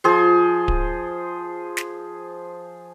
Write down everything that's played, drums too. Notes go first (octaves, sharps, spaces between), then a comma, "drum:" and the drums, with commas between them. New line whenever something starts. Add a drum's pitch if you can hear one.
F3 G#4 C5
drum: kick D1
drum: snare